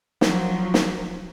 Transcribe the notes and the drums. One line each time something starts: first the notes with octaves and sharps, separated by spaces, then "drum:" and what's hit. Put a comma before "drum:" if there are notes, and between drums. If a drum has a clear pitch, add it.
F3 F#3, drum: snare
drum: snare